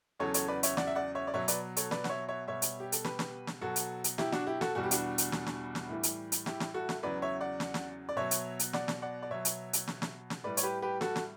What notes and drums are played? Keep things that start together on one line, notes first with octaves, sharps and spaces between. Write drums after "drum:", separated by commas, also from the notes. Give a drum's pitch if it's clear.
E2 C#3 F#3 A4 C#5
A4 C#5, drum: hi-hat
B4 D5
C#5 E5, drum: hi-hat
D5 F#5, drum: snare
E5
D5 F#5
C#5 E5
D5
B2 F#3 C#5 E5
B4 D5, drum: hi-hat
A4 C#5, drum: hi-hat
B4 D5, drum: snare
F#5, drum: snare
C#5 E5
C#5 E5
B2 G3 C#5 E5
drum: hi-hat
G4
A4, drum: hi-hat
G4 B4, drum: snare
drum: snare
drum: snare
B2 F#3 F#4 A4
drum: hi-hat
drum: hi-hat
E4 G4, drum: snare
D4 F#4, drum: snare
E4 G4
F#4 A4, drum: snare
E2 B2 G3 F#4
G4
D4 F#4, drum: hi-hat
drum: hi-hat
drum: snare
drum: snare
drum: snare
A2 E3 G3
drum: hi-hat
drum: hi-hat
E4 G4, drum: snare
drum: snare
F#4 A4
drum: snare
E2 C#3 F#3 B4 D5
C#5 E5
D5 F#5
drum: snare
drum: snare
D5
B2 F#3 C#5 E5
drum: hi-hat
drum: hi-hat
D5 F#5, drum: snare
drum: snare
D5 F#5
D5
B2 F#3 C#5 E5
drum: hi-hat
drum: hi-hat
drum: snare
drum: snare
drum: snare
A2 G3 B4 D5
C#5, drum: hi-hat
G4 B4
G4 B4
F#4 A4, drum: snare
drum: snare